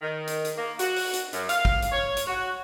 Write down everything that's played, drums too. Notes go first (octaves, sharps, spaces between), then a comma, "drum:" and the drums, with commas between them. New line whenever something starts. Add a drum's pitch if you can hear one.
D#3
drum: hi-hat
drum: hi-hat
A#3
F#4, drum: hi-hat
drum: open hi-hat
drum: hi-hat
F#2, drum: hi-hat
F5, drum: hi-hat
drum: kick
drum: hi-hat
C#5
drum: hi-hat
F#4